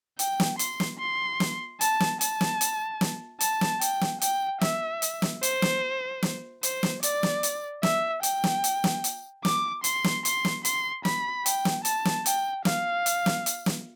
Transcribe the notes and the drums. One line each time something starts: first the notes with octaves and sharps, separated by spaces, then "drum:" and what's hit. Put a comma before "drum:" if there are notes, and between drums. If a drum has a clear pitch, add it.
G5, drum: hi-hat
drum: snare
C6, drum: hi-hat
drum: snare
C6
drum: snare
A5, drum: hi-hat
drum: snare
A5, drum: hi-hat
drum: snare
drum: hi-hat
drum: snare
A5, drum: hi-hat
drum: snare
G5, drum: hi-hat
drum: snare
G5, drum: hi-hat
E5, drum: snare
drum: hi-hat
drum: snare
C5, drum: hi-hat
drum: snare
drum: snare
C5, drum: hi-hat
drum: snare
D5, drum: hi-hat
drum: snare
drum: hi-hat
E5, drum: snare
G5, drum: hi-hat
drum: snare
drum: hi-hat
drum: snare
drum: hi-hat
D6, drum: snare
C6, drum: hi-hat
drum: snare
C6, drum: hi-hat
drum: snare
C6, drum: hi-hat
B5, drum: snare
G5, drum: hi-hat
drum: snare
A5, drum: hi-hat
drum: snare
G5, drum: hi-hat
F5, drum: snare
drum: hi-hat
drum: snare
drum: hi-hat
drum: snare